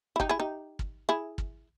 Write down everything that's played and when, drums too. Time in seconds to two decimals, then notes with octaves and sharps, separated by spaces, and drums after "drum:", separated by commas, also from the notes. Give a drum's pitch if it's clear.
0.16 E4
0.20 D#4 G4, drum: kick
0.29 E4 G#4
0.40 D#4 G4
0.79 drum: kick
1.09 E4 G#4
1.38 drum: kick